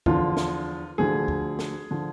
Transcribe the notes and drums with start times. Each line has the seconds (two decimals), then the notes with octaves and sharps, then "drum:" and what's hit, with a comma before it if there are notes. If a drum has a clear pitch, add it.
0.06 E2 D3 F3 F4, drum: kick
0.37 drum: snare
0.98 D2 D3 F3 G#4
1.28 drum: kick
1.59 drum: snare
1.91 D3 F3